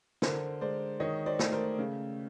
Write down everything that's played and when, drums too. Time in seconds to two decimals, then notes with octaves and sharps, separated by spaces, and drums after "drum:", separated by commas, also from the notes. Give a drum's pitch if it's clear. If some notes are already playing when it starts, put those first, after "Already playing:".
0.22 D3 A#4 C5, drum: snare
0.61 G#3 C5 D5
1.00 D#3 C#5 D#5
1.26 C5 D5
1.39 A3, drum: snare
1.52 A#4 C5
1.79 C#3